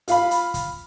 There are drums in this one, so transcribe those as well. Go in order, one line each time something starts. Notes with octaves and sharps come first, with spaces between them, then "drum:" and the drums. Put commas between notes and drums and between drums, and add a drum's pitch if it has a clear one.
F4 F5 B5, drum: hi-hat
drum: hi-hat
drum: kick, hi-hat